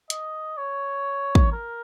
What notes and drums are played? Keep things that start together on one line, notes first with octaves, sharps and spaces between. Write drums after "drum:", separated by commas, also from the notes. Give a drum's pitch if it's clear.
D#5, drum: hi-hat
C#5
drum: kick
A#4